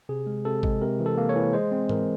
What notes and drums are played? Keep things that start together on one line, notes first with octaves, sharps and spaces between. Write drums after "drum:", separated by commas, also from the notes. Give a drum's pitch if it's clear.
C3 G#4
G#3
C3 A4
G#3, drum: kick
C3 A#4
E3
A4
A#3
C#5
E3
G#3 C5
C4
E3 A#4, drum: tom G#2